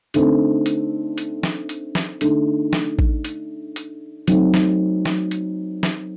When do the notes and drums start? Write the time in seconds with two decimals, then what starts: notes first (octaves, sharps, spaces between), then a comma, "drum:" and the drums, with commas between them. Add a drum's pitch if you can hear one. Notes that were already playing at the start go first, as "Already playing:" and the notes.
0.14 D3 A3 C4 D#4, drum: hi-hat
0.66 drum: hi-hat
1.18 drum: hi-hat
1.43 drum: snare
1.69 drum: hi-hat
1.95 drum: snare
2.21 D3 A3 D#4, drum: hi-hat
2.73 drum: snare
2.99 drum: kick A1
3.24 drum: hi-hat
3.76 drum: hi-hat
4.27 F#3 A3 C4 D#4, drum: hi-hat
4.54 drum: snare
5.05 drum: snare
5.31 drum: hi-hat
5.83 drum: snare